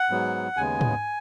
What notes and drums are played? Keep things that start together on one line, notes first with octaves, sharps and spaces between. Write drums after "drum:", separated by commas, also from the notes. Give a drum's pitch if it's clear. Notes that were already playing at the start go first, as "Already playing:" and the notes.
Already playing: F#5
G#2 F#3 B3
D#2 C#3 G#3 B3 G#5
drum: tom